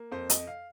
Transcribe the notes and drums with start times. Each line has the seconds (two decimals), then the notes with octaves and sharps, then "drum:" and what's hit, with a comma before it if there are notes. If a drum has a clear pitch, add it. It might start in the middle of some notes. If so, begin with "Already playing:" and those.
Already playing: A#3
0.11 F2 C5
0.30 D#5, drum: hi-hat
0.47 F5